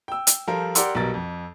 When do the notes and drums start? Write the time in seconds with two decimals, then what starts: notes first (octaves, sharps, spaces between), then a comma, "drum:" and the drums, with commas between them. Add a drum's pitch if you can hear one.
0.08 G5 E6
0.27 drum: hi-hat
0.47 F3 G3 F4 A4 A#4
0.75 G4 A#4 D5 F#5 C6 E6, drum: hi-hat
0.95 B1 B2 G3 A#4 A6
1.14 F2